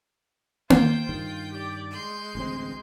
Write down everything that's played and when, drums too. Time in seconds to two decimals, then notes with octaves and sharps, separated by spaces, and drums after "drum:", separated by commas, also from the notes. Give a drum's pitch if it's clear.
0.70 F4 C5 G5 G6, drum: tom A#3
1.09 G2 D#3 F4
1.53 G4 D5
1.91 G#3 C6 G6
2.35 A1 D2 C4